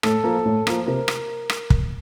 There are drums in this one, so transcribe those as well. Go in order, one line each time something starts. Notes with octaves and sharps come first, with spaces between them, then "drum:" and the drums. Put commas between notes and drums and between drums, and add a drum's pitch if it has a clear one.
A2 A4, drum: rim click
F3 A#3
A2
F3 A#3, drum: rim click
C3 A#4
drum: rim click
drum: rim click
drum: kick